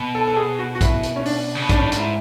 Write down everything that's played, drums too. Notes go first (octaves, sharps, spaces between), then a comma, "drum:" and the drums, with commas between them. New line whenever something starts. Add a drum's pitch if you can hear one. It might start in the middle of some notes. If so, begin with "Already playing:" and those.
Already playing: B2
A4
A4
G#4
F#4
F#4
E4, drum: kick, hi-hat
drum: hi-hat
C#4
D4, drum: open hi-hat
C#3
B2
A2 D4, drum: kick, hi-hat
C#4
D4
G#2, drum: hi-hat
E4